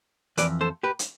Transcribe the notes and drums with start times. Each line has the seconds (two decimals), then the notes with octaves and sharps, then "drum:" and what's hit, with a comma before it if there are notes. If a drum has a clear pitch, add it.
0.37 F2 E3 B4 D5, drum: hi-hat
0.61 A4 C5
0.83 G4 B4
0.99 drum: hi-hat